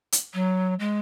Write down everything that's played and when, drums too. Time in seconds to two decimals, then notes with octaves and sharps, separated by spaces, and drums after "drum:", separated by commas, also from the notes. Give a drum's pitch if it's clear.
0.12 drum: hi-hat
0.34 F#3
0.80 G#3